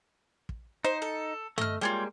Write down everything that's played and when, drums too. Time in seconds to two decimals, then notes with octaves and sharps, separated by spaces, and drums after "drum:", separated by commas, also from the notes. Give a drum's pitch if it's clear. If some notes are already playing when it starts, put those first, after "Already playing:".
0.49 drum: kick
0.85 D#4 C5
1.02 A4
1.58 A3 D#5 F6, drum: tom G2
1.81 G3 G#3 A#3 F4 C#5 G5